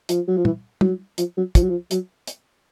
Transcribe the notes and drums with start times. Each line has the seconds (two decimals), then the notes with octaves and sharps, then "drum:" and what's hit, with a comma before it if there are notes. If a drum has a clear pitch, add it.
0.09 F3, drum: hi-hat
0.27 F#3
0.37 F3
0.45 E3, drum: tom
0.81 F#3, drum: tom
1.18 F3, drum: hi-hat
1.37 F#3
1.55 F3, drum: kick, hi-hat
1.62 F#3
1.69 F3
1.91 F#3, drum: hi-hat
2.27 drum: hi-hat